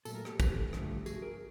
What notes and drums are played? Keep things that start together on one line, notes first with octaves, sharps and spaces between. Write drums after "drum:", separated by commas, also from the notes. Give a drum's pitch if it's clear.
A#2 F#3 A3 A4, drum: tambourine
A#4
G4 A4, drum: rim click
G4 A4, drum: kick, tambourine
G2 D3 F3 A3, drum: rim click
F#4 G#4, drum: tambourine
G#4 A#4